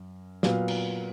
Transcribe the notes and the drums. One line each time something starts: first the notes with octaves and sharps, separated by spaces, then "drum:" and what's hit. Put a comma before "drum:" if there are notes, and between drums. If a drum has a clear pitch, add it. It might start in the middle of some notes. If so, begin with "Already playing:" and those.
Already playing: F#2
A#2 F#3 B3 F5, drum: snare
drum: cymbal